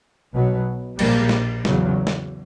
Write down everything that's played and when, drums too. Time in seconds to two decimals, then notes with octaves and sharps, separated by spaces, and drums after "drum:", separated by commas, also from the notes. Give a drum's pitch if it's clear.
0.32 B1 B2 F#3 B3
0.99 A#1 A#2 G3 A#3, drum: cymbal
1.29 drum: snare
1.65 E2 C#3 F#3, drum: snare
2.07 drum: snare